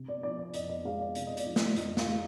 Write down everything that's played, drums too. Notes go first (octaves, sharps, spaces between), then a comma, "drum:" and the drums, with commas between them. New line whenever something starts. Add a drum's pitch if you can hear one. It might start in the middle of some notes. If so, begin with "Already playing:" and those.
Already playing: C3
D5
F3 D5
D5
F2 D#5, drum: hi-hat
D#5
G#3 F5
D5
C3 D5, drum: hi-hat
D#5
D5, drum: hi-hat
F3
drum: snare
F2 D#5, drum: hi-hat
F5, drum: snare
G#3